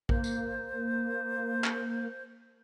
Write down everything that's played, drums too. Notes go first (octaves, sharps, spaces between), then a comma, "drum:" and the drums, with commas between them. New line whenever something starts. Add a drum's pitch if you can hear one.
A#3 C5, drum: kick A#1
drum: tambourine
drum: clap